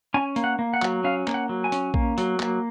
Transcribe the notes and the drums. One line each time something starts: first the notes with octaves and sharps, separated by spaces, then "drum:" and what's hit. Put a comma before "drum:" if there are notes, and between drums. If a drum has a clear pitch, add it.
C#4 G#5
A#3, drum: hi-hat
F#5
A#3
F#5
F#3, drum: clap
C#4 F5
A#3, drum: clap
F#5
F#3
G#5
C#4, drum: hi-hat
A#3, drum: kick A#1
F#3, drum: hi-hat
A#3, drum: clap